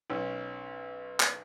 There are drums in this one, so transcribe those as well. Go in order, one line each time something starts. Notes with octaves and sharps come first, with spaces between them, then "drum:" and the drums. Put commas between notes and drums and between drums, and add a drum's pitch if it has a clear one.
B1 C#4
drum: clap